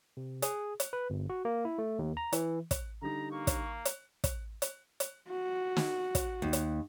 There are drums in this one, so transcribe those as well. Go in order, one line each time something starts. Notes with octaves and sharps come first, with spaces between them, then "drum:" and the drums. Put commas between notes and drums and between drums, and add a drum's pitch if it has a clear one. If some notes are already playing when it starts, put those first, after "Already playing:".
C3
G#4, drum: hi-hat
drum: hi-hat
B4
G1
F#4
A#3
E4
A3
D#2
A#5
E3, drum: hi-hat
drum: kick, hi-hat
D3 G3 D#4 A#5
A#3 C#6
drum: kick, hi-hat
drum: hi-hat
drum: kick, hi-hat
drum: hi-hat
drum: hi-hat
F#4
drum: snare
drum: kick, hi-hat
D#2
drum: hi-hat